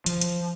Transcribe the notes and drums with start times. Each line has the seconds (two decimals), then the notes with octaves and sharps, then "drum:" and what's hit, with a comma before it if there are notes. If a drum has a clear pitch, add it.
0.06 F3, drum: hi-hat
0.21 drum: hi-hat